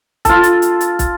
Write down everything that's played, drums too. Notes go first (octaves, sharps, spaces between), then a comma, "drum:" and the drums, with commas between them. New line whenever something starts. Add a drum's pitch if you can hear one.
F4 A4, drum: kick, hi-hat
drum: hi-hat
drum: hi-hat
drum: hi-hat
drum: kick, hi-hat